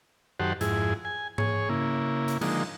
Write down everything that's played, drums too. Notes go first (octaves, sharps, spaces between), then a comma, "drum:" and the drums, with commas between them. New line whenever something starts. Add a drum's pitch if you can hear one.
F#2 D#3 G4 A4 C5 F#5
F2 G#2 E4 G#4, drum: hi-hat
G#5
G#4 C#5, drum: tom G#2
C#3 A#3 E4
drum: hi-hat
D3 F3 G#3 A#3 D#4, drum: cymbal